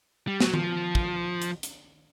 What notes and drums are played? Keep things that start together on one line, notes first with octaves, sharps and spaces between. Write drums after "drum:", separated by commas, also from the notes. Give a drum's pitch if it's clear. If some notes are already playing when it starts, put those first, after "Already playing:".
G3
F#3, drum: snare
F3, drum: tom D#3
drum: kick
drum: hi-hat
drum: hi-hat